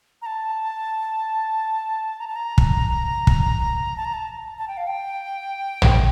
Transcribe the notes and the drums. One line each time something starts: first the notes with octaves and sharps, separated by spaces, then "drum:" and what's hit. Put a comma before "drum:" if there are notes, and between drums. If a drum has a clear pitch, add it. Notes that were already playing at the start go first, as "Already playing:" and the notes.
A#5
A5
A#5
A5
A#5
drum: kick
drum: kick
A5
A#5
A5
A5
G5
F5
G5
drum: tom